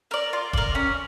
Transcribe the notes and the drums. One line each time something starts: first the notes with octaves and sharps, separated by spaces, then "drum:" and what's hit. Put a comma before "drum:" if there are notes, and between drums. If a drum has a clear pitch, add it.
A#4 D5
F4
A#4 D5, drum: kick
C#4